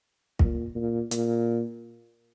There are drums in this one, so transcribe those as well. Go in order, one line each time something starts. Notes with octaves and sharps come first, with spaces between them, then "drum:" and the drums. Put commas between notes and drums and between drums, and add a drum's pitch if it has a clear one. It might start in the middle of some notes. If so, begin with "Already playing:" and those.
A#2, drum: kick
A#2
A#2, drum: hi-hat